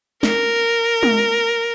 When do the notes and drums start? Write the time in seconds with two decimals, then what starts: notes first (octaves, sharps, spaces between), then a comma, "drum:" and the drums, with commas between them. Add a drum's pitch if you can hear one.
0.23 A#4, drum: snare
1.03 drum: tom G#3